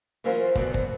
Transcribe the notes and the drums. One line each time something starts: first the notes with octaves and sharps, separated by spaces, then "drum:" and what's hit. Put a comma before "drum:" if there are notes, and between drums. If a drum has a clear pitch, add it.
E3 F#3 C#4 F4 A#4 C5
D2 B2 F3 F#3 B3 C4, drum: kick
drum: kick